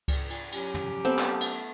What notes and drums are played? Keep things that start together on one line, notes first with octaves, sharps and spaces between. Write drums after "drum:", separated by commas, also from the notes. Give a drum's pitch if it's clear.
drum: kick C#2, cymbal
drum: cymbal
F#3 C#4 G4, drum: cymbal
drum: tom
A3 B3 C4
drum: clap
drum: cymbal